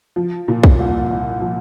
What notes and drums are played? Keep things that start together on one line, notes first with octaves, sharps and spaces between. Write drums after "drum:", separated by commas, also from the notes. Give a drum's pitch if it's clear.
F3
A#2
drum: kick
C2
C2
F3